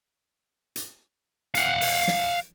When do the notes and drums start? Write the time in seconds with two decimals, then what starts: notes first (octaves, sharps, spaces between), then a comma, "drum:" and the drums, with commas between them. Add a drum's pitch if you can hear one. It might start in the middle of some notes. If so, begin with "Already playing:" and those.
0.76 drum: hi-hat
1.55 F5 F#5, drum: hi-hat
1.81 drum: open hi-hat
2.08 drum: snare